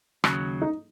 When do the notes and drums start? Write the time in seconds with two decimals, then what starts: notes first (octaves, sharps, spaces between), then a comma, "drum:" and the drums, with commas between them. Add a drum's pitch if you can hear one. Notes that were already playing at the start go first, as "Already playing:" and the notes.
0.24 D#2 C#3 F#3, drum: rim click
0.62 D#4